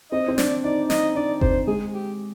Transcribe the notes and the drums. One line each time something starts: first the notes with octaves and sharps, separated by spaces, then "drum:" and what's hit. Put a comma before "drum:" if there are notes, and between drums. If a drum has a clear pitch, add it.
C4 D#5
C4
D4 D5, drum: snare
D#4 D5
D#4 D#5, drum: snare
D4 D5
C4 C5, drum: kick G1
G#3 G#4
G4